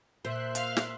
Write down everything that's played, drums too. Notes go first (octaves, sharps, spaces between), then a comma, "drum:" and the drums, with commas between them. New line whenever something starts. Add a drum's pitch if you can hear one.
A#2 C5 E5 C6 F#6
F5, drum: hi-hat
drum: snare